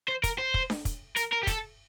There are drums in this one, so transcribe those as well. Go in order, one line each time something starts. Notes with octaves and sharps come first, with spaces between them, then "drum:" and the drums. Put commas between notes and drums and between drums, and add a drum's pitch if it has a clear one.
C5
A#4, drum: kick, hi-hat
C5
drum: kick
drum: snare D4
drum: kick, hi-hat
A#4, drum: hi-hat
A#4
G4
A4, drum: kick, hi-hat